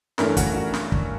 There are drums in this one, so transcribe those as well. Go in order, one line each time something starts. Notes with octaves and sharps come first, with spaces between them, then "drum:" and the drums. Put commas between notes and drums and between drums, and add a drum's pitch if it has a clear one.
G2 E3 A3 C#4 A#4, drum: snare
F#4, drum: kick, hi-hat
F#4
drum: snare
drum: kick